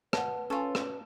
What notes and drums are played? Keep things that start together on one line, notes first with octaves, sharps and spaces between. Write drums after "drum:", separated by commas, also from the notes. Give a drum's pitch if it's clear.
B4 F#5 A5, drum: rim click
C#4 F4 A4 A5
drum: rim click